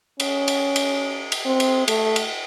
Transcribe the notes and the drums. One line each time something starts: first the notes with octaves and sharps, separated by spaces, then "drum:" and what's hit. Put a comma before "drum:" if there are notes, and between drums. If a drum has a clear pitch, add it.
C#4, drum: cymbal
drum: cymbal
drum: cymbal
drum: cymbal
C4
drum: cymbal
A3, drum: cymbal
drum: cymbal